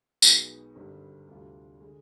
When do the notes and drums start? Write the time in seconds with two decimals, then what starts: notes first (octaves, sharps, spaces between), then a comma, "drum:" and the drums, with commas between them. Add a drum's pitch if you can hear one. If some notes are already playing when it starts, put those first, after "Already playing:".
0.22 B1 B2 G#3 B3 D#4, drum: tambourine
0.74 G#1 G2 D3 G3 C4
1.28 D2 C3 G3 D4 F4
1.81 D3 G#3